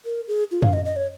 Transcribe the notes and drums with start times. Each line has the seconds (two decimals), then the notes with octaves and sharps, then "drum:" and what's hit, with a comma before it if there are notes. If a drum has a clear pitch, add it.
0.05 A#4
0.28 G#4
0.51 F4
0.62 F5, drum: tom F#2
0.73 D#5
0.85 D#5
0.96 C#5